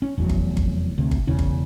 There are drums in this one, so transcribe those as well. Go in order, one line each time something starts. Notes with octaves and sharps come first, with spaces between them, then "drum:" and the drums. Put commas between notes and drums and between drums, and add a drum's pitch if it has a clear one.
C#4
F1 E2 F#3
drum: kick G1
drum: kick G1
D2 C3
drum: kick G1
E1 E2 C#3 C#4
drum: kick G1